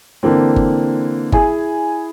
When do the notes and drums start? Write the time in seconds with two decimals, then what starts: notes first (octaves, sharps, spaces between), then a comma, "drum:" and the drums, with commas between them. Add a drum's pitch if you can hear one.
0.23 D3 E3 A#3 C4
0.56 drum: kick G1
1.32 E4 G#4 G#5, drum: kick G1